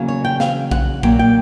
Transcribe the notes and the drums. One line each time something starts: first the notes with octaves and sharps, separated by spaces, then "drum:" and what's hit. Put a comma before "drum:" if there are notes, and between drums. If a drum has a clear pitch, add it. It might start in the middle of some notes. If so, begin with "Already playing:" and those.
Already playing: E2 C#3 F#3 A#3 C#4
C#5
G5
F5, drum: snare
F#5, drum: kick B1
A#2 F#3 A#3 G5, drum: kick B1
G5